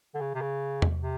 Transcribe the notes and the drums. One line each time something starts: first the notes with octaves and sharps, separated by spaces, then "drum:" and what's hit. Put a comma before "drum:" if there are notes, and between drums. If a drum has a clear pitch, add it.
D3
C#3
C3
C#3
drum: tom E2
C3